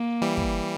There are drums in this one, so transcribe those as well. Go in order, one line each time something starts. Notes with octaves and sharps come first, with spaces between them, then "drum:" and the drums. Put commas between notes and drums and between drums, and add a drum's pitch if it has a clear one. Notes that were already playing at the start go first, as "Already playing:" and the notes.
Already playing: A#3
E3 G3
drum: kick